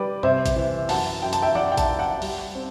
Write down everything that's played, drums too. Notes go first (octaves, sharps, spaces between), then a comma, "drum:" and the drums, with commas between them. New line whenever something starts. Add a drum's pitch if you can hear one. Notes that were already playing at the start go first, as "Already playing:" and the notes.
Already playing: G3 B4 D5
C3 C5 E5, drum: tom G2
drum: kick, hi-hat
E3
F#2 F#5 A5, drum: open hi-hat
F#2 G5
A5, drum: hi-hat
E5 G5
E4 D5 F#5, drum: tom D#3
G5
F#5 A5, drum: kick, hi-hat
E4
F#5 A5
G3, drum: open hi-hat
C4